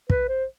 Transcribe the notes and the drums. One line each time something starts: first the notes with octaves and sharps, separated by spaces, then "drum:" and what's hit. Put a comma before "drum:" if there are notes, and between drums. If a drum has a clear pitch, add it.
B4, drum: kick
C5